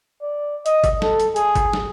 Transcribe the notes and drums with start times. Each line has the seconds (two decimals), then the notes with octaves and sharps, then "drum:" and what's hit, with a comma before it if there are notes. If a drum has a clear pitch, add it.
0.22 D5
0.66 D#5, drum: hi-hat
0.84 drum: kick, hi-hat
1.02 A4, drum: snare
1.20 drum: hi-hat
1.36 G#4, drum: hi-hat
1.55 drum: kick, hi-hat
1.73 drum: snare